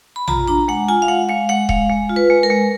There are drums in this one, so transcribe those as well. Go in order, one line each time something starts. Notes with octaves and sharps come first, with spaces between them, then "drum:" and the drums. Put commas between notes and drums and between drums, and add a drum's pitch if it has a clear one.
B5
F4 A#5, drum: tom A#1
D4 A#5
G#3 F#5
F4 G#5
F5
G#3 F#5
G#3 F5
G#3 F#5
G#3 F5, drum: kick D#1
G#3
F4
B4
G#3
A#4
G#3